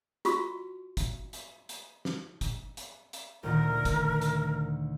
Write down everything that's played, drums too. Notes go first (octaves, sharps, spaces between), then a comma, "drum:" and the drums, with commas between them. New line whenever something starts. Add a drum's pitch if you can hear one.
F4 F#4 C#6, drum: hi-hat
drum: kick G1, hi-hat
drum: hi-hat
drum: hi-hat
drum: snare
drum: kick G1, hi-hat
drum: hi-hat
drum: hi-hat
D2 A#2 D#3 A#4
drum: kick G1, hi-hat
drum: hi-hat